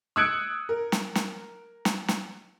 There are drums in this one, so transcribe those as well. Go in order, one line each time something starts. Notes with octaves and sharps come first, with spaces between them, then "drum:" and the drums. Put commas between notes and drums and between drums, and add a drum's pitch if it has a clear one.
D#6 E6 F#6 G#6 C#7 D7
A#4
drum: snare
drum: snare
drum: snare
drum: snare